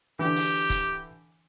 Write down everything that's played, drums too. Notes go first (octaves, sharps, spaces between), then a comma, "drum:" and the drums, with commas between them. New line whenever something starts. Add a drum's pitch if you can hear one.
D3 E3 G4
drum: open hi-hat
drum: kick, hi-hat